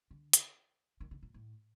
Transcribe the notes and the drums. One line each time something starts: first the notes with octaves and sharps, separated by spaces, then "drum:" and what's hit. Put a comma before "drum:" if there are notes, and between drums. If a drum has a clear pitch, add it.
D3
drum: hi-hat
D#3
D3
A#2
A2